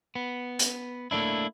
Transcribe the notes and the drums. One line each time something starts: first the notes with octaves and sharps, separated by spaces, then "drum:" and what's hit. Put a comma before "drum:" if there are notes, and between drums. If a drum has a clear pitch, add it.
B3
drum: hi-hat
A3 A#3 D4 E4